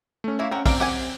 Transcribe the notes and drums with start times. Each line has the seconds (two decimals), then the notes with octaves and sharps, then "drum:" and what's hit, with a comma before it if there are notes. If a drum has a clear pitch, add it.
0.24 A3 C#4
0.39 A3 A#3 E4 C#5 E5 F5
0.51 C4 C#4 A#4 F#5 G5
0.66 C4 D4 A#4 F5 D7, drum: kick, open hi-hat
0.80 G4 F#5 G#5